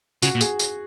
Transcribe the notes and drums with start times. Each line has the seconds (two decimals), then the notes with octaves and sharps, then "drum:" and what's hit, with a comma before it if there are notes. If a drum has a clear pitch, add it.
0.22 C#3 F#4, drum: tambourine
0.35 A#2
0.41 G#4, drum: tambourine
0.59 drum: tambourine